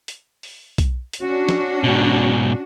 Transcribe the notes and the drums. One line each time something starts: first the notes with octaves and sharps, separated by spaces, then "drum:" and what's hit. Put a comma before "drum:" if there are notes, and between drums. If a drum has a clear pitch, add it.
drum: hi-hat
drum: open hi-hat
drum: kick B1, hi-hat
drum: hi-hat
C#4 D4 F#4
drum: snare
G#2 B2